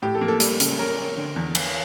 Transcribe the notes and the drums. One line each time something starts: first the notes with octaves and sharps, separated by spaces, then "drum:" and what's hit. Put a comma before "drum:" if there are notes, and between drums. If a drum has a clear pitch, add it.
A2 G4
A4
A#3
A4
G3, drum: hi-hat
C#3, drum: hi-hat
C#4 A#4
C#4
D3
E2
E3, drum: cymbal